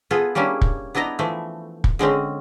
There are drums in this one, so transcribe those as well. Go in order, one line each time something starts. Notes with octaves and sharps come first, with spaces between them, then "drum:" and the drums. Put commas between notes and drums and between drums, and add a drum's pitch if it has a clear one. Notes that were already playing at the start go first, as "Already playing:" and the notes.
B3 F4 G#4 A4 B4
G3 A#3 C#4 D4 E4
drum: kick
B3 D4 E4 D#5 A#5
E3 F3 A3
drum: kick
D3 G#3 C4 C#4